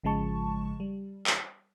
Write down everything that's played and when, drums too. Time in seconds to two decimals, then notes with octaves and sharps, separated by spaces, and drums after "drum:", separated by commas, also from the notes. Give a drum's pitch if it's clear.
0.04 G#1 C#3 F3 G#3 A5 C#6
0.80 G3
1.27 drum: clap